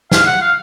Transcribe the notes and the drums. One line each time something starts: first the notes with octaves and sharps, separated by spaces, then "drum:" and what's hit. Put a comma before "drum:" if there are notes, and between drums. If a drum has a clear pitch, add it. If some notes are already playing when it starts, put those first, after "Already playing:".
F5, drum: snare
F#5
F5